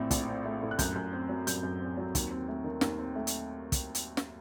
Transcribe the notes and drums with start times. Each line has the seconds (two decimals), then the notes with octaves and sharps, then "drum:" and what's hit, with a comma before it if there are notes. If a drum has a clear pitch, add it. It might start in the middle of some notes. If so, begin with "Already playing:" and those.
Already playing: A#1 A2 A3 C4
0.11 A#1, drum: kick, hi-hat
0.28 C4
0.45 A3
0.63 A2
0.71 F#6
0.79 F#2 G6, drum: kick, hi-hat
0.96 F#2
1.13 C4
1.29 F#3
1.47 F#2 G6, drum: hi-hat
1.63 F#2
1.81 C4
1.97 F#3
2.15 D#2, drum: kick, hi-hat
2.31 C4
2.48 A3
2.64 D#3
2.81 D#2, drum: snare
2.99 C4
3.16 A3
3.27 drum: hi-hat
3.72 drum: kick, hi-hat
3.95 drum: hi-hat
4.17 drum: snare